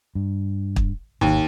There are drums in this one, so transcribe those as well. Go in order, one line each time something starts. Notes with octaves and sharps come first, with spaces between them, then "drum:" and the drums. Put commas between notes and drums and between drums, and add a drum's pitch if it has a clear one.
G2
drum: kick
G#1 D#2